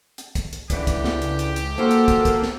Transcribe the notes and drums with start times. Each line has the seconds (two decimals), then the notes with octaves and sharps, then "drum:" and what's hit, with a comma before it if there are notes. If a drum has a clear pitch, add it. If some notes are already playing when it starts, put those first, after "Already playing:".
0.18 drum: hi-hat
0.35 drum: kick, hi-hat
0.53 drum: hi-hat
0.70 C#2 D3 E3 G4, drum: kick, hi-hat
0.87 drum: kick, hi-hat
1.04 drum: snare
1.22 drum: hi-hat
1.39 drum: hi-hat
1.56 drum: hi-hat
1.78 A#3 F4 F#4 A4 C5
1.91 drum: hi-hat
2.08 drum: kick, hi-hat
2.25 drum: kick, hi-hat
2.43 drum: snare